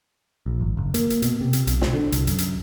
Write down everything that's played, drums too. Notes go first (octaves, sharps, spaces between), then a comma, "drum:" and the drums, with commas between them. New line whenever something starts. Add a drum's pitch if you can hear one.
A#1
G#1
F#1
A#3, drum: hi-hat
drum: hi-hat
B2, drum: hi-hat
C3
drum: hi-hat
B1, drum: hi-hat
drum: snare
D3
C2, drum: hi-hat
F#2, drum: hi-hat
drum: hi-hat